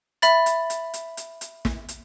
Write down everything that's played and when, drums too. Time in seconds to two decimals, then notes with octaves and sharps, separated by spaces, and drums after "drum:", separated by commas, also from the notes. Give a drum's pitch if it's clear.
0.22 E5 B5 A6, drum: hi-hat
0.46 drum: hi-hat
0.70 drum: hi-hat
0.94 drum: hi-hat
1.17 drum: hi-hat
1.41 drum: hi-hat
1.65 drum: snare
1.88 drum: hi-hat